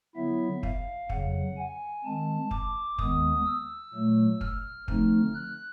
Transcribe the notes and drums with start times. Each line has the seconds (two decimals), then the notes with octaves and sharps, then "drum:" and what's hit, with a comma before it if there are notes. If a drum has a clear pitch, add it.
0.15 D3 F#3 B3 E4 E5
0.63 F5, drum: kick
1.09 F2 C#3 F#3 F#5, drum: kick
1.57 G#5
2.04 D#3 G#3 C4 A5
2.51 D6, drum: kick
2.98 D#2 D#3 G#3 B3 D#6, drum: kick
3.46 E6
3.94 A#2 F#3 A3
4.41 F6, drum: kick
4.88 D3 F3 A3 C4 D#4, drum: kick
5.34 F#6